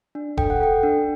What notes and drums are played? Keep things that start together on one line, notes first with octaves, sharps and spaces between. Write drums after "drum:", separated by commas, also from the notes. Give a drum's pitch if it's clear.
D4
A4 G5, drum: kick E1
F#5
A4 G5
D4